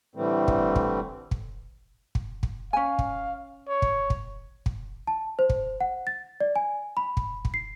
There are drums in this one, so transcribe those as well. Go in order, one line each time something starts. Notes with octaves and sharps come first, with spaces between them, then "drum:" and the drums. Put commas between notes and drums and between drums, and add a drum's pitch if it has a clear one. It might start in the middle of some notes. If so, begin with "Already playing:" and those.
A2 D3 E3 G3 A3 C4
drum: kick
drum: kick
drum: kick
drum: kick
drum: kick
C#4 F5 G#5
drum: kick
C#5
drum: kick
drum: kick
drum: kick
A5
C5
drum: kick
F#5
A6
D5
G#5
B5
drum: kick
drum: kick
C7